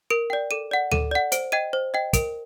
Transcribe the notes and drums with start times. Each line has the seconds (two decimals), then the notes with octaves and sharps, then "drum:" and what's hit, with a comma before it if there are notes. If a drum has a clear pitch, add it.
0.10 A#4 D7
0.30 D5 G5
0.51 A4 D#7
0.71 D5 F#5
0.92 A4 D#7, drum: tom D2
1.11 D5 F#5
1.32 C5 D7, drum: hi-hat
1.52 D#5 G5 D#7
1.73 C5
1.94 D#5 G5
2.13 A#4 D7, drum: kick, hi-hat